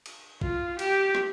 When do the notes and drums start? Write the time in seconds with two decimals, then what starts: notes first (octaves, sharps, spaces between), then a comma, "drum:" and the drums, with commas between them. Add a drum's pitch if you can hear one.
0.06 drum: cymbal
0.41 F4, drum: kick
0.79 G4, drum: cymbal
1.15 drum: rim click